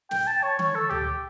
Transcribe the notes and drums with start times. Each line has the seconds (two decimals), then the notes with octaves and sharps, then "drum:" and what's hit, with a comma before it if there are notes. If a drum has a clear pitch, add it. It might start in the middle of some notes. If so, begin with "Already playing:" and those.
0.11 G5, drum: snare
0.27 A5
0.43 C#5
0.59 C#5, drum: tom D#3
0.75 A4
0.90 G4, drum: tom D2